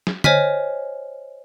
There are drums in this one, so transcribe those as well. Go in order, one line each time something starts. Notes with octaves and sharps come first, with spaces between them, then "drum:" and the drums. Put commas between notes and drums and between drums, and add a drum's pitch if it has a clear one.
drum: snare
C5 C#5 D#5 G#5 F6 B6, drum: tom D3